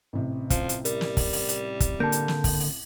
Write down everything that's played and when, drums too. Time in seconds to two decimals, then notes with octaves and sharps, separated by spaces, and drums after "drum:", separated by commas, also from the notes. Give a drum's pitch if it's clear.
0.13 A1 C3
0.50 F3, drum: kick, hi-hat
0.69 drum: hi-hat
0.85 G3 A#4, drum: hi-hat
1.01 drum: snare
1.17 drum: kick, open hi-hat
1.33 drum: open hi-hat
1.49 drum: hi-hat
1.80 drum: kick, hi-hat
2.00 D3 A#3 A5 G6
2.12 drum: hi-hat
2.28 drum: snare
2.44 drum: kick, open hi-hat
2.60 drum: open hi-hat